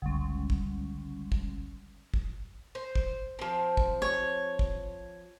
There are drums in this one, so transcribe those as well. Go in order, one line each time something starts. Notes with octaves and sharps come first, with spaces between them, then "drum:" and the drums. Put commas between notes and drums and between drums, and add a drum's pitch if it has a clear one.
G1 C#2
drum: kick
drum: kick
drum: kick
C5
drum: kick
F3 C4
drum: kick
C#5
drum: kick